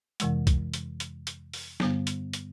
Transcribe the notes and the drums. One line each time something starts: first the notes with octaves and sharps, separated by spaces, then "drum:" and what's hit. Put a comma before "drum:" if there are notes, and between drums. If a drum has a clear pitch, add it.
F2 C3 E3 G#3, drum: hi-hat
drum: kick, hi-hat
drum: hi-hat
drum: hi-hat
drum: hi-hat
drum: open hi-hat
G2 D3 G3 B3, drum: snare
drum: hi-hat
drum: hi-hat